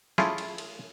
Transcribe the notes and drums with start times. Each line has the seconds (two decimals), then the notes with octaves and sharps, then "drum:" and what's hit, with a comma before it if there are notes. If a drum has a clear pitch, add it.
0.18 A3 C#4 E4 F4 G#4, drum: snare
0.38 drum: cymbal
0.58 drum: cymbal